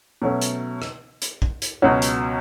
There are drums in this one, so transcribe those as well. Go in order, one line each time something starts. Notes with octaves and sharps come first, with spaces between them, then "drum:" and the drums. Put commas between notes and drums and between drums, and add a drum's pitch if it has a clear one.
B2 F#3 A3 C#4
drum: hi-hat
drum: rim click
drum: hi-hat
drum: kick
drum: hi-hat
C#2 B2 F#3 C#4 F#4
drum: hi-hat